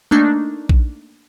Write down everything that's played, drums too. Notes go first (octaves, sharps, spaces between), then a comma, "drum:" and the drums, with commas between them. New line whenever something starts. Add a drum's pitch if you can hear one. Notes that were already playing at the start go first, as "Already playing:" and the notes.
A3 A#3 D4 D#4
drum: kick A#1